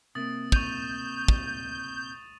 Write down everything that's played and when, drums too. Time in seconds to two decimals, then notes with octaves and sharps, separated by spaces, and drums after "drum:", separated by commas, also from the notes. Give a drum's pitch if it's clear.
0.15 C3 A#3 D#6 A6
0.52 C#6 G6 D#7 F7, drum: kick
1.28 drum: kick